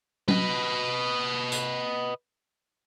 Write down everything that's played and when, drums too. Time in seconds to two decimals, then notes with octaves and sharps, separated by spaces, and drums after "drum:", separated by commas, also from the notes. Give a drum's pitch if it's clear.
0.28 B4 D#5, drum: tom F#3
1.52 drum: hi-hat